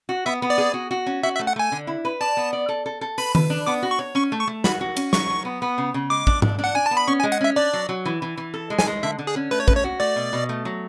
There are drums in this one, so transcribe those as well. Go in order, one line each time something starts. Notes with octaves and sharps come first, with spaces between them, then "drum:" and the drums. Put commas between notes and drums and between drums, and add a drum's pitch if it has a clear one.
F#4
B3 E5
B3
D5
G#4
F#4
F#4
C#4
F#4 E5
E5
A3
F#5
A3 G#5
D3
E4
B4
D5 A5
B3
D5
A4
A4
A4
B4 B5, drum: open hi-hat
B4, drum: tom D#3
D4
B3 D6
F#4
C#6
C#5
C#4 C#6
A3
C#6
A3
F#4 B5, drum: snare
F#4
C#4, drum: cymbal
F#3 C#6, drum: snare
F#3
B3
B3
C#3
C#3
G#3 D6
D4, drum: kick A1
D4, drum: tom G#2
D4
F#5
D4 G#5
A5
B3
B5
C#4 C#6
G#5
G#3
F#5, drum: hi-hat
C#4 E5
D4 D5
F#3
F#3
E3
E3
E3
A4
G#3
G#5, drum: snare
G#3
D3 E5
D3
G#4
C#4
A3 B4
C#5
C#4 B4, drum: kick A1
C#5
F#4
A3 D5
B2
B2
A3
F#3